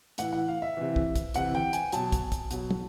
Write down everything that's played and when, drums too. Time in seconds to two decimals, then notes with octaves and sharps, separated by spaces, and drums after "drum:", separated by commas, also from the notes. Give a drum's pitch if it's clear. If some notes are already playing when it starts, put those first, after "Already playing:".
0.18 A2 E3 F#5, drum: hi-hat
0.33 F#5
0.48 F5
0.62 E5
0.77 C3 E3
0.96 drum: kick
1.15 drum: kick, hi-hat
1.34 C3 E3 F#5, drum: hi-hat
1.55 G5, drum: tom
1.73 G#5, drum: hi-hat
1.92 B2 F#3 A5, drum: hi-hat
2.12 drum: kick, hi-hat
2.32 drum: kick, hi-hat
2.51 B2 F#3, drum: hi-hat
2.71 drum: tom